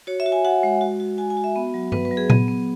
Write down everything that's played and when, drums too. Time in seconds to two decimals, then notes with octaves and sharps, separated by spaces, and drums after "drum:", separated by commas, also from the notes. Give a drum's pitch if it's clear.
0.07 F#4 C#5
0.20 E5
0.26 F#4
0.32 G#5
0.45 F#4 F#5
0.63 G#3
0.81 F#4
1.00 F#4
1.18 F#4 G#5
1.30 G#5
1.37 F#4
1.44 E5
1.56 B3
1.74 F#3
1.92 B3 B4, drum: tom G2
2.05 B4
2.11 F#3
2.17 G#4
2.30 B3, drum: tom A#2
2.48 B3